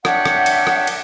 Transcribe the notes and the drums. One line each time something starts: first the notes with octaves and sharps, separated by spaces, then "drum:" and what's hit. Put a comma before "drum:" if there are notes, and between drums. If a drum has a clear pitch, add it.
D4 C#5 E5 F#5 G5, drum: rim click
drum: rim click
drum: cymbal
drum: rim click
drum: cymbal